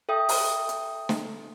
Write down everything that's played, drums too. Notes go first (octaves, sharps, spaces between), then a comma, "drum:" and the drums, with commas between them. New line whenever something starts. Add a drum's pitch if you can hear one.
A4 E5 G5 D#6
drum: open hi-hat
drum: hi-hat
drum: snare